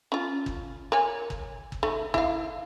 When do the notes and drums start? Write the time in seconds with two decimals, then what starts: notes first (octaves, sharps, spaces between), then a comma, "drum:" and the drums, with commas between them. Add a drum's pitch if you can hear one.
0.12 C#4 F4
0.46 drum: kick G1
0.92 A#4 C#5 G#5
1.30 drum: kick G1
1.72 drum: kick G1
1.83 A3 D#4
2.14 E4 E5 F5, drum: kick G1